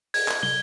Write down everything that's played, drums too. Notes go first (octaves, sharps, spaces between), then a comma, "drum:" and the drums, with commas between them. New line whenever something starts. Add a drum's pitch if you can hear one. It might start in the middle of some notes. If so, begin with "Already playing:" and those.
G#6, drum: open hi-hat
drum: clap
G7, drum: tom